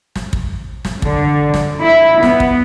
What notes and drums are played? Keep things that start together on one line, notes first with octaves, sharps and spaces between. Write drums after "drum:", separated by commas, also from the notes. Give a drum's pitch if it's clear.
drum: snare
drum: kick
drum: snare
D3, drum: kick
drum: snare
E4
B3, drum: snare
drum: kick